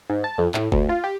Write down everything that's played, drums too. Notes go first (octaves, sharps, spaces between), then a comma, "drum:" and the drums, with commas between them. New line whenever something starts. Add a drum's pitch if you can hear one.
G#2
A5
F2
A2, drum: clap
D2, drum: kick F#1
F4
G4